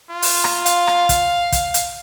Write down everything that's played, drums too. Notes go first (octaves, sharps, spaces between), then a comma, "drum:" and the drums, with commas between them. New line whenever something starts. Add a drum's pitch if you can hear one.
F4
drum: open hi-hat
drum: rim click
F5, drum: hi-hat
drum: rim click
drum: kick, hi-hat
drum: kick, hi-hat
drum: hi-hat